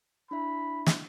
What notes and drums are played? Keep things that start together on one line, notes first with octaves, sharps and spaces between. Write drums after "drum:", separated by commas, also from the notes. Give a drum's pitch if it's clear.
D4 E4 E5 B5
drum: snare